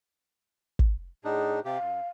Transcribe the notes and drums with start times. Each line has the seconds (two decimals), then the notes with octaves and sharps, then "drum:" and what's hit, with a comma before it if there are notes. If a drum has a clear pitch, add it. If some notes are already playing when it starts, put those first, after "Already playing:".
0.79 drum: kick
1.24 A2 D4 D#4 G#4
1.65 C3 G4 F5
1.81 F#2